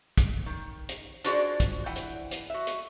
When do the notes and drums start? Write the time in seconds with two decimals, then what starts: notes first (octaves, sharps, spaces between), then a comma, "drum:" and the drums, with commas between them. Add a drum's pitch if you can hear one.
0.18 drum: kick, hi-hat
0.46 D#3
0.89 drum: hi-hat
1.24 D4 F4 F#4 G#4 C5 D5, drum: hi-hat
1.60 drum: kick, hi-hat
1.86 E3 F#5 G5
1.96 drum: hi-hat
2.31 drum: hi-hat
2.50 F#4 E5
2.67 drum: hi-hat